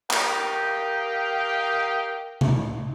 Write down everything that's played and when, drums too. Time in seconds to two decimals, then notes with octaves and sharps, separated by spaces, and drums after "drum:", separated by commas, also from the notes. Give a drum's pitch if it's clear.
0.11 G4 A#4 D#5 F5 G5, drum: clap
2.41 drum: tom B2